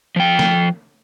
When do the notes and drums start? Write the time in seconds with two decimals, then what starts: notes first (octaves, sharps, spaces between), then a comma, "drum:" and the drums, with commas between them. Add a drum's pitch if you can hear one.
0.16 F3 G5
0.39 drum: snare